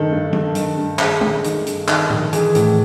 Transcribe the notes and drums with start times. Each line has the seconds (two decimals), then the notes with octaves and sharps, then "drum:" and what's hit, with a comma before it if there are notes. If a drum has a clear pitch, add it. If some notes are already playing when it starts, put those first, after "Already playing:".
Already playing: G2 D#3 A4
0.11 G2
0.33 G2, drum: tom
0.55 D#3, drum: hi-hat
0.77 G2
0.99 G2 G#4, drum: clap
1.21 G2, drum: tom
1.44 D#3, drum: hi-hat
1.67 G2, drum: hi-hat
1.88 D#3, drum: clap
2.10 D#3, drum: tom
2.33 E3 G#4, drum: hi-hat
2.55 A2, drum: hi-hat